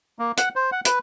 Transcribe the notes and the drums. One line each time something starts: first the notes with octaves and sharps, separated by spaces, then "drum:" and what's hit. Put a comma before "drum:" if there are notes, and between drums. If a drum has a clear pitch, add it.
A#3
F#5, drum: hi-hat
C5
F#5
B4, drum: hi-hat